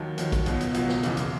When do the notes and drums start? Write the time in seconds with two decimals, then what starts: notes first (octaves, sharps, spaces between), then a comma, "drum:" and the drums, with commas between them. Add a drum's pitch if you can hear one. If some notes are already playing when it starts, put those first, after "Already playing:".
Already playing: D#2 D#3 F#3
0.18 D#2 D#3 F#3, drum: hi-hat
0.32 drum: kick, hi-hat
0.46 C#2 B2 F#3 B3, drum: hi-hat
0.61 drum: hi-hat
0.74 C#2 B2 F#3 B3, drum: hi-hat
0.89 drum: snare
1.03 F#1 E2 C#3 E3 G#3, drum: hi-hat
1.17 drum: hi-hat